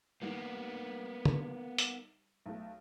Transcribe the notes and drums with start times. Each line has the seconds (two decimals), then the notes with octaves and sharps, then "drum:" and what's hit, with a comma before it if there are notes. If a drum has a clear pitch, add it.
0.22 D#3 G3 A#3 B3
1.25 drum: tom
1.78 drum: hi-hat
2.46 B1 A3